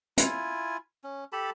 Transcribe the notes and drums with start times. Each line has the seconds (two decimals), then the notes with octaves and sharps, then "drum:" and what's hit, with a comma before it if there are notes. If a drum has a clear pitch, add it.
0.17 E4 F4 G#5, drum: hi-hat
1.04 C#4
1.32 G4 A4 A5 B5